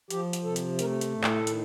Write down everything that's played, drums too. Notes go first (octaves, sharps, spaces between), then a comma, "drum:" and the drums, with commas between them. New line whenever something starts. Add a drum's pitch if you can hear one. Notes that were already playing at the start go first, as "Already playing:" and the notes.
F3 G4, drum: hi-hat
drum: hi-hat
C3 A4
drum: hi-hat
A3 A#4, drum: hi-hat
drum: hi-hat
A2
A4, drum: clap
D#3, drum: hi-hat